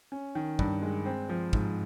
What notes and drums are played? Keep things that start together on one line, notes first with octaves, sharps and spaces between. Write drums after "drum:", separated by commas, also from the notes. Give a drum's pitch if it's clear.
C#4
D#3
G2, drum: kick
G#3
C4
F3
G#2, drum: kick